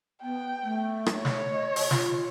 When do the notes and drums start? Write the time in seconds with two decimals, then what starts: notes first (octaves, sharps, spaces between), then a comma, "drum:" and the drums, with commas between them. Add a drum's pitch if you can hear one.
0.23 B3 G5
0.63 A3
1.06 drum: rim click
1.16 C#5
1.25 drum: snare
1.52 D#5
1.76 drum: open hi-hat
1.91 F4, drum: snare